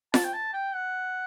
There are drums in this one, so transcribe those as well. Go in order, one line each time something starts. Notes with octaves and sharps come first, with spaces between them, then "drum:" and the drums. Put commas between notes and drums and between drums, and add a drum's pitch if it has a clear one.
A5, drum: snare F4
G5
A5
G5
F#5